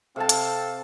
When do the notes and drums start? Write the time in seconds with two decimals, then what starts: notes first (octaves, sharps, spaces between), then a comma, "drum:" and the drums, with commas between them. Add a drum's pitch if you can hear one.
0.16 C3 C4 A4 F5 A5
0.29 drum: hi-hat